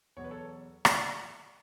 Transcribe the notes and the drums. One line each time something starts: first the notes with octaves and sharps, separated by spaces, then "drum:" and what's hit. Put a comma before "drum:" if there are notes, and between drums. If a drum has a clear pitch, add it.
E2 B2 F#3 C#5
B4
A4 C#5
D5 F#5, drum: rim click